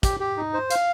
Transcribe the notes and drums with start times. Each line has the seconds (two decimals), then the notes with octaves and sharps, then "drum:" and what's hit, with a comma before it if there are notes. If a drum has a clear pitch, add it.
0.03 G4, drum: kick, hi-hat
0.20 G4
0.37 D#4
0.54 C5
0.70 F5, drum: hi-hat